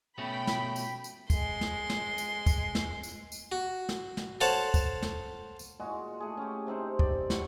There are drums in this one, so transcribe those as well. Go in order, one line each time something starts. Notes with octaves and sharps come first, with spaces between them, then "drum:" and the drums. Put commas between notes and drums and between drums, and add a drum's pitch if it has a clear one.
B2 A3 C#4 G5 B5
drum: snare
drum: tambourine
drum: tambourine
G#3 C6, drum: kick, tambourine
drum: snare
drum: snare
drum: tambourine
drum: kick, tambourine
drum: snare
drum: tambourine
drum: tambourine
F#4
drum: snare
drum: snare
A4 C5 C#5 F5 F#5 A5
drum: kick, tambourine
drum: snare
drum: tambourine
A#2 G#3 F#4
A3 G#4
C#4 G4
C3 C4 D#4 C5
D5, drum: kick
F#3 C#6, drum: snare